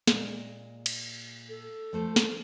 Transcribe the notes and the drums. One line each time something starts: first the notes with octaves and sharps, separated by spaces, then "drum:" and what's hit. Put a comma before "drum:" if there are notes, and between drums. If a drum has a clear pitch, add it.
A#2 G#3, drum: snare
drum: cymbal
A4
F3 A3 C5
drum: snare